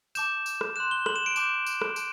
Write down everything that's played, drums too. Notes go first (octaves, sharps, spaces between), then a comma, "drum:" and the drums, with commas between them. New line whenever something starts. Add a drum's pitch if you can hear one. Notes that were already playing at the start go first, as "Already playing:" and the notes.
A5 D6 G6 E7, drum: tambourine
drum: tambourine
drum: rim click
C6 F#6 E7
G7
F#7, drum: rim click
E7
D7
A5 D6 G6 E7, drum: tambourine
drum: tambourine
drum: rim click
A5 D7, drum: tambourine